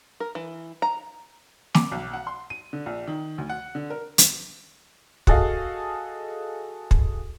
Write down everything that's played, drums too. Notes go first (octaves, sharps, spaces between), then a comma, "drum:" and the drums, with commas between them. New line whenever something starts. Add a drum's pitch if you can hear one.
A#4
E3
A#5
D6, drum: snare
B1
F#5
C6
D#7
D3
A#1
D#3
D2
F#5
D3
A#4
drum: hi-hat
F#4 G#4 A4 D#5 F5, drum: kick
drum: kick